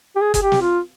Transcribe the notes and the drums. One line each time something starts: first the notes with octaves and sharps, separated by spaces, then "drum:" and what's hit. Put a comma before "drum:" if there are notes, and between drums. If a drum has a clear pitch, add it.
G4
G#4
G#4, drum: kick F#1, hi-hat
G4
drum: snare
F4